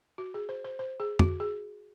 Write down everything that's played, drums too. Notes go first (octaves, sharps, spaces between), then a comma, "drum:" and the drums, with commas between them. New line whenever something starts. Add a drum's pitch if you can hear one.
F#4
G#4
C5
C5
C5
G#4
F#4, drum: tom
G#4